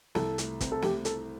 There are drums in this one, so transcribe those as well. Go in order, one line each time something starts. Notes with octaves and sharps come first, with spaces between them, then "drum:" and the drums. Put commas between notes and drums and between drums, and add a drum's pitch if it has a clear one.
C2 A4, drum: snare
A3, drum: hi-hat
C4, drum: kick, hi-hat
A4
A3 G4, drum: snare
A3 A4, drum: hi-hat